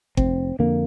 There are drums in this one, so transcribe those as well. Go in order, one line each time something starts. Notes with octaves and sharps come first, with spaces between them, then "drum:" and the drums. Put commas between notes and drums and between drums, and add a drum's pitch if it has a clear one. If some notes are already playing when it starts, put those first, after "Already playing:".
F1 C4, drum: kick G1
F2 D3 A#3